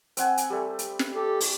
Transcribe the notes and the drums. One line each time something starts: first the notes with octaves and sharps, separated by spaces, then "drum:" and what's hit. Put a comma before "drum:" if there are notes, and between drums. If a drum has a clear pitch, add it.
C4 F#5 G#5, drum: hi-hat
drum: hi-hat
G3 A3
drum: hi-hat
drum: snare
G4 A4
drum: open hi-hat